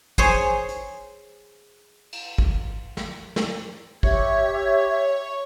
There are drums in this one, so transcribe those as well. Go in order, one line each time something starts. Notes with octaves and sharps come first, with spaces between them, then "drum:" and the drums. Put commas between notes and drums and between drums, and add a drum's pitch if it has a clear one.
G#4 C5 C#5, drum: kick
drum: hi-hat
drum: cymbal
drum: kick
drum: snare
drum: snare
G4 C#5 E5 G#6, drum: kick